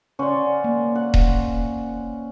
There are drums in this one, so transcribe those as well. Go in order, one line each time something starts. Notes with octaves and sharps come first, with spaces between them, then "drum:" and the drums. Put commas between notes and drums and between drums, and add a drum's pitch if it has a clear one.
C#3 C#4 C5 D5 F#5
A#3
F#5
drum: kick D#1